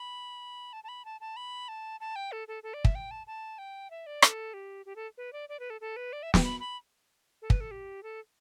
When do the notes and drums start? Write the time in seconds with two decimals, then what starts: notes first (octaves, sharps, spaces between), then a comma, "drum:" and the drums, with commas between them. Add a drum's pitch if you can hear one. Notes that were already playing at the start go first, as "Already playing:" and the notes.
Already playing: B5
0.73 A5
0.84 A5
0.88 B5
1.05 A5
1.21 A5
1.37 B5
1.68 A5
2.00 A5
2.16 G5
2.32 A4
2.48 A4
2.63 A4
2.74 D5
2.85 E5, drum: kick
2.95 G5
3.11 A5
3.27 A5
3.58 G5
3.90 E5
4.06 D5
4.22 A4, drum: rim click
4.54 G4
4.86 G4
4.96 A4
5.18 B4
5.33 D5
5.49 D5
5.60 B4
5.70 A4
5.81 A4
5.96 B4
6.13 D5
6.23 E5
6.34 G5, drum: snare
6.44 B5
6.60 B5
7.42 A4
7.50 B4, drum: kick
7.61 A4
7.71 G4
8.03 A4